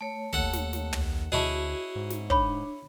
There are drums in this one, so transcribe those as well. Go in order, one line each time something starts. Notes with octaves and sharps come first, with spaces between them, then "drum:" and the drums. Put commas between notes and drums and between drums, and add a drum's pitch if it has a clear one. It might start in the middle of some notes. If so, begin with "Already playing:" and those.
A3 C#5
D#2 A4 F#5, drum: kick
drum: snare
drum: snare
drum: tom
D2 C#4 E4 F#4 G#4 D#5 A5
G#2
drum: snare
D4 C#5 B5, drum: kick